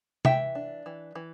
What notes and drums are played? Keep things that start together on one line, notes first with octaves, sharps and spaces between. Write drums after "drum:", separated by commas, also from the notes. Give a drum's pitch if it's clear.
E3 E5 G5, drum: tom
D4
E3
E3